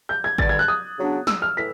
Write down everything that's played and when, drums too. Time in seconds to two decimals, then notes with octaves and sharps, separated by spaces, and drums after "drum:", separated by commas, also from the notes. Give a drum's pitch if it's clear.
0.09 G6
0.24 G#6
0.38 G2 D3 G3 A6, drum: kick G#1
0.49 G#6
0.59 F#6
0.68 D#6
0.98 C#3 F#3 B3 D4
1.27 E6, drum: snare
1.42 F6
1.57 A2 E3 B6